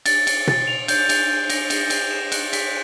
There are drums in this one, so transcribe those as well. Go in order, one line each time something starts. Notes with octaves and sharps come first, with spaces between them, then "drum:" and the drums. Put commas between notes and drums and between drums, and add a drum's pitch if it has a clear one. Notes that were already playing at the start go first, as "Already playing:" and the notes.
A6, drum: cymbal
D7, drum: cymbal
A6, drum: tom B2
F7
G6, drum: cymbal
G6, drum: cymbal
G6
A#6, drum: cymbal
E7, drum: cymbal
G7, drum: cymbal
E7
F#6, drum: cymbal
B6, drum: cymbal